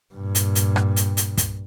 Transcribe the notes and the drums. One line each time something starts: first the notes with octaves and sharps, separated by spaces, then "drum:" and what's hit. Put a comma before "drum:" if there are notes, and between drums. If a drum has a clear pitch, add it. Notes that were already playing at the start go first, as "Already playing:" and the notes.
G2 A#2
drum: hi-hat
drum: hi-hat
drum: rim click
drum: hi-hat
drum: hi-hat
drum: kick, hi-hat